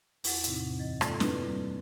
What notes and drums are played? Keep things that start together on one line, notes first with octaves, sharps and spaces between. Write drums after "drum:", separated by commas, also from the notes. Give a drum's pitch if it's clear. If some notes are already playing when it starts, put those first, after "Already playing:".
E2 E4 F#5 A6, drum: open hi-hat
A2 C3 C4 D#4, drum: hi-hat
F#2 E3 D#5 A6
G#3 A#3 F4 A4 D5, drum: rim click
A#3 C4 E4 F#4 B4, drum: snare
G3